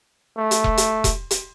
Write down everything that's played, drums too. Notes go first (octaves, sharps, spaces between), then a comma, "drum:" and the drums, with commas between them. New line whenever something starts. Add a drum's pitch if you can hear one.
A3
drum: hi-hat
drum: kick E1
drum: hi-hat
drum: kick E1, hi-hat
drum: hi-hat